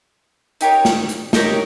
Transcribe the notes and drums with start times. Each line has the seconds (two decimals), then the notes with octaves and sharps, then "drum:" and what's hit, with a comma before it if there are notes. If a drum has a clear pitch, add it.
0.61 D#4 G4 A#4 C#5, drum: hi-hat
0.85 drum: snare
1.09 drum: hi-hat
1.33 D#4 G4 A#4 C#5, drum: snare